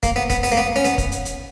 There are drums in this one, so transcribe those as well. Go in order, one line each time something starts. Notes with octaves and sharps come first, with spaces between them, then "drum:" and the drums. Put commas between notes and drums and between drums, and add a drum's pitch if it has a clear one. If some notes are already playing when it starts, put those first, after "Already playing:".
A#3, drum: kick, hi-hat
B3
B3, drum: kick, hi-hat
B3, drum: open hi-hat
A#3
B3
C#4
B3, drum: hi-hat
drum: kick, hi-hat
drum: hi-hat
drum: hi-hat